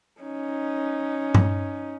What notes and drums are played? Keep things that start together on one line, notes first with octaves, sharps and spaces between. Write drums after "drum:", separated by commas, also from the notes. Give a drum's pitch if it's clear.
C#4 D#4
drum: tom G2